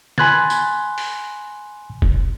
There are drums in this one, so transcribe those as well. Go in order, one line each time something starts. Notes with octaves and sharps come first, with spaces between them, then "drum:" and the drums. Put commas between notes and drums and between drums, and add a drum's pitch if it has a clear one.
G#5 B5 C6 F#6 G#6 A6, drum: snare
drum: tambourine
drum: open hi-hat
drum: kick